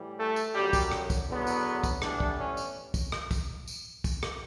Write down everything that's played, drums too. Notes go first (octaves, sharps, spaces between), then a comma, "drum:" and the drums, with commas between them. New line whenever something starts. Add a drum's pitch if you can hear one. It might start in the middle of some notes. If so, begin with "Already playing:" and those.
Already playing: A2 E3 G3
A3 A4
drum: tambourine
F#2 D3 F#3 G3 G4
drum: kick, tambourine
drum: rim click
drum: kick, tambourine
E2 D3 F#3 B3
drum: tambourine
drum: kick, tambourine
A2 E3 G3 B3 D4, drum: rim click
drum: kick
C#4
drum: tambourine
drum: kick, tambourine
drum: rim click
drum: kick, tambourine
drum: tambourine
drum: kick, tambourine
drum: rim click